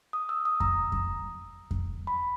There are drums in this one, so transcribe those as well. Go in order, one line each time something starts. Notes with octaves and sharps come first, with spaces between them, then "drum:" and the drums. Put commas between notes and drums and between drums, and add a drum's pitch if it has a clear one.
D#6
E6
D#6
A#5, drum: kick F2
drum: kick F2
drum: kick F2
B5